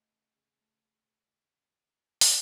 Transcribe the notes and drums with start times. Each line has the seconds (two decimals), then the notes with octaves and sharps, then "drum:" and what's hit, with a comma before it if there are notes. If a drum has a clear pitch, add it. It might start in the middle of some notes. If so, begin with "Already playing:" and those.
Already playing: C#3 A3 D#5 F5
0.11 C#4
0.36 C#3
0.60 A3
0.85 C#3
1.02 C#5
2.21 drum: open hi-hat